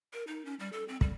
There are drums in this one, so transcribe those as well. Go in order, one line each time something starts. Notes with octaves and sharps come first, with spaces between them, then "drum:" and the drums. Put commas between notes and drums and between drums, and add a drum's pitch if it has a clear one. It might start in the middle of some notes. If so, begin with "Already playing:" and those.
A#4
D#4
C#4
G3
A4
C4
G3, drum: kick